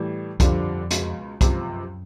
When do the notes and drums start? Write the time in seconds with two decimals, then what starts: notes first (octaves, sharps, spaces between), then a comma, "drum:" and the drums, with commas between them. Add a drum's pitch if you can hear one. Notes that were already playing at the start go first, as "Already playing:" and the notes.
Already playing: A2 E3 G3
0.40 F2 D3 G3 C4 F4, drum: kick, hi-hat
0.91 C#2 B2 G#3, drum: hi-hat
1.41 C#2 F#2 C3 F3, drum: kick, hi-hat